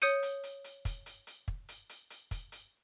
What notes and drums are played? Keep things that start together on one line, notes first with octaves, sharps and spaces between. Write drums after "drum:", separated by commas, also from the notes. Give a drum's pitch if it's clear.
C#5 D#6 G6 C#7 D#7, drum: hi-hat
drum: hi-hat
drum: hi-hat
drum: hi-hat
drum: kick, hi-hat
drum: hi-hat
drum: hi-hat
drum: kick
drum: hi-hat
drum: hi-hat
drum: hi-hat
drum: kick, hi-hat
drum: hi-hat